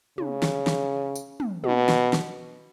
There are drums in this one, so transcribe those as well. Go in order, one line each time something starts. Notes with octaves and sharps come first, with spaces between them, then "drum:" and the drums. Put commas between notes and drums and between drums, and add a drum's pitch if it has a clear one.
C#3, drum: tom
drum: snare
drum: snare
drum: tambourine
drum: tom
B2, drum: tom
drum: snare
drum: snare